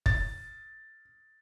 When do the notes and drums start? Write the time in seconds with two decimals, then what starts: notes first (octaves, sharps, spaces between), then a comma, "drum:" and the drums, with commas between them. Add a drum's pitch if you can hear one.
0.06 A6, drum: kick